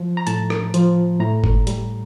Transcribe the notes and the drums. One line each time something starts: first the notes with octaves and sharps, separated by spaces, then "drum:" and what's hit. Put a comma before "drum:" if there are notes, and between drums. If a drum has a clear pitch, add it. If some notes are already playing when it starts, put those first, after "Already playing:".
Already playing: F3
A#5
A2 A5, drum: hi-hat
drum: rim click
F3, drum: hi-hat
A2 A#5
drum: kick
G3, drum: hi-hat